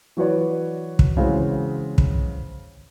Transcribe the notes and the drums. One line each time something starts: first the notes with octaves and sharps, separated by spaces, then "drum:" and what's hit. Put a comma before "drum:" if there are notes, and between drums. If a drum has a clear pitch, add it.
E3 F#3 F#4 B4 C#5 D5
drum: kick
C#3 E3 G#3 C4 F#4
drum: kick